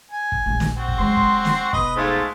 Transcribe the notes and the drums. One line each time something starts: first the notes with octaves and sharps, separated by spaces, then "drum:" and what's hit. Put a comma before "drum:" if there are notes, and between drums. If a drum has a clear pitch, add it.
G#5
drum: kick
A#1 G3
drum: snare
C4 F#4
drum: kick
F#3 G#3 C6
drum: kick
drum: snare
B1 B4 D#5, drum: kick
G#2 G#3 A3 F4